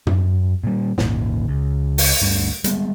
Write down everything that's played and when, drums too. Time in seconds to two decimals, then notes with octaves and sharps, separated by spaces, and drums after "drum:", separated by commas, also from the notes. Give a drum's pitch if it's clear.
0.07 F#2, drum: tom
0.64 A#2 G3
0.98 G#1 D#2 A#2 D#3, drum: snare
1.48 C#2
1.98 drum: open hi-hat
2.22 G1 D2 G2 D3
2.64 G3 G#3 B3, drum: hi-hat